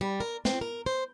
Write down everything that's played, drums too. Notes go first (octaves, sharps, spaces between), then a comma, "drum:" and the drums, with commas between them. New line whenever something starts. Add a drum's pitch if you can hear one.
G3
A#4
C4, drum: snare
A#4
C5